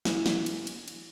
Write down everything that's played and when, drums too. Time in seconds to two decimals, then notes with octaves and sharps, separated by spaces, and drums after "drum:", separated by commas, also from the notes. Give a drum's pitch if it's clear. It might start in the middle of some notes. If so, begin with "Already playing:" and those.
0.05 E3, drum: snare
0.26 drum: snare
0.46 drum: cymbal
0.67 drum: cymbal
0.88 drum: cymbal